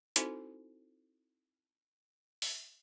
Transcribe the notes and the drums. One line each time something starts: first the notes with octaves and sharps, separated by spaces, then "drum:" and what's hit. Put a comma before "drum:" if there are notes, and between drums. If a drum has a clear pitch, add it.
C4 D#4 E4 F#4 A4 C5, drum: hi-hat
drum: open hi-hat